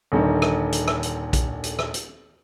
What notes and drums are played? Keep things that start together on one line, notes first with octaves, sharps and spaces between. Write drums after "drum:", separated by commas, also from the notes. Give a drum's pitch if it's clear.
D#1 D3 D#3
drum: rim click
drum: hi-hat
drum: rim click
drum: hi-hat
drum: kick A#1, hi-hat
drum: hi-hat
drum: rim click
drum: hi-hat